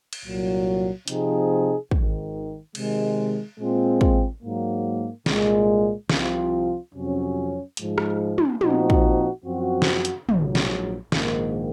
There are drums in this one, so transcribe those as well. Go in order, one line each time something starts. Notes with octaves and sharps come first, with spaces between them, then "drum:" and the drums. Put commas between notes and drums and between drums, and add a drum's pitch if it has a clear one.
drum: cymbal
C2 A#2 F#3
C3 F3 C4 D#4 G#4, drum: hi-hat
G#1 G#2 D#3, drum: kick
C3 D#3 G#3, drum: cymbal
A#2 G#3 C4 F4
drum: kick
G#2 F#3 A#3
C2 A#2 G#3, drum: snare
C2 C3 F3 C4 F4, drum: snare
F2 C3 F#3 C#4
G#2 F3 G#3, drum: hi-hat
drum: rim click
drum: tom
A#2 F3 C4 D#4 F#4, drum: tom
drum: kick
F#2 F3 C4 F#4
drum: snare
drum: hi-hat
A#1 G#2 F#3, drum: tom
drum: snare
A#1 G#2 D#3 A#3, drum: snare